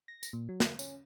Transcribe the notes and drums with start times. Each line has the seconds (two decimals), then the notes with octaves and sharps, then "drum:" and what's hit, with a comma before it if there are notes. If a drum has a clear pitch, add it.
0.08 A#6
0.23 drum: tambourine
0.33 A#2
0.49 F#3
0.60 drum: snare
0.79 C#4, drum: tambourine